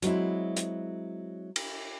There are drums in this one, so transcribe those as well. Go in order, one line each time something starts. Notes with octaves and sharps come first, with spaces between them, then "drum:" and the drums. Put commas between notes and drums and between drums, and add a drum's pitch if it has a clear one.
F#3 G#3 C4 E4, drum: hi-hat
drum: hi-hat
drum: cymbal